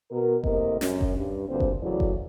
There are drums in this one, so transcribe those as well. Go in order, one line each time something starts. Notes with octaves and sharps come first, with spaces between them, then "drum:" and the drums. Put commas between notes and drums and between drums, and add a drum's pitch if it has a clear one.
B2 A#4
A2 C3 A#3 A#4 D#5, drum: kick F#1
F#2 C#4, drum: snare
drum: kick F#1
G2
D2 G2 A#2 D3 C4 C5
drum: kick F#1
A2 C#3 E3 F#3 D5
drum: kick F#1